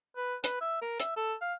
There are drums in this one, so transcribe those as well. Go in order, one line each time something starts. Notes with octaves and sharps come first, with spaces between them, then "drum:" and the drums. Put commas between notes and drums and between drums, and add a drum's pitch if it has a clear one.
B4
B4, drum: hi-hat
E5
A#4
E5, drum: hi-hat
A4
F5